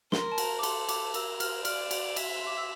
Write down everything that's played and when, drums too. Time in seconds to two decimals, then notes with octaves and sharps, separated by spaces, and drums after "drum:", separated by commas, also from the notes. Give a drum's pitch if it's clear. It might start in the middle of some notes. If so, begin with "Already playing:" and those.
0.12 A#4 C6, drum: snare
0.32 A5
0.38 A#5, drum: cymbal
0.59 D6
0.63 A4 C6, drum: cymbal
0.89 D6, drum: cymbal
1.14 A#4 E6, drum: cymbal
1.40 F6, drum: cymbal
1.65 D5 F6, drum: cymbal
1.91 drum: cymbal
2.16 E5, drum: cymbal
2.36 C6
2.46 D6
2.57 E6